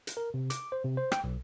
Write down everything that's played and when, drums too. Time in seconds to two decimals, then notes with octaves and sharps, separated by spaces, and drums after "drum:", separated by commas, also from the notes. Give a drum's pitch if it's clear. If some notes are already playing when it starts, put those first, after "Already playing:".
0.07 drum: hi-hat
0.17 A#4
0.34 C3
0.50 D6, drum: hi-hat
0.72 C5
0.85 C3
0.97 C5
1.12 G5, drum: rim click
1.24 B1